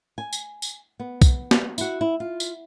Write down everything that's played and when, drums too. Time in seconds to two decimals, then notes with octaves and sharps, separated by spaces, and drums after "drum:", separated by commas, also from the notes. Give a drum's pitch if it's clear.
0.18 G#5
0.33 drum: tambourine
0.62 drum: tambourine
1.00 B3
1.22 drum: kick B1, tambourine
1.51 drum: snare
1.78 E4 F#4, drum: tambourine
2.01 E4
2.20 F4
2.40 drum: tambourine